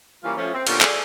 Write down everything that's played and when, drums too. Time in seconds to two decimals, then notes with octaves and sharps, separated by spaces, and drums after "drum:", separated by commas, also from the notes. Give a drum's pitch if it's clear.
0.24 E3 G3 A#3 C#4 F4 A#4
0.37 F3 A3 C#4
0.53 C4
0.67 A#2 D3 B3 C#4 F4 G4, drum: cymbal
0.81 G#4 A4 D5, drum: clap